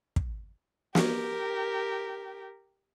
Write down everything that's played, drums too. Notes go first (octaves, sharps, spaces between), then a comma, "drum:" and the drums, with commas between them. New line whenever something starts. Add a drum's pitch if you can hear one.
drum: kick
G4 A#4, drum: snare